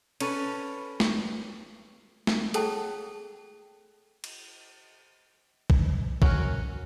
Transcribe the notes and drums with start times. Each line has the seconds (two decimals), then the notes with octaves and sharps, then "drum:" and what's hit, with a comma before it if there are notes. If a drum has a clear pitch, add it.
0.20 C#4 A4 B4, drum: cymbal
1.00 drum: snare
2.27 drum: snare
2.54 G#4 A4 C#5 F#5 G5 A5, drum: hi-hat
4.24 drum: cymbal
5.70 drum: kick A#1
6.22 C#4 F#4 A#4, drum: kick A#1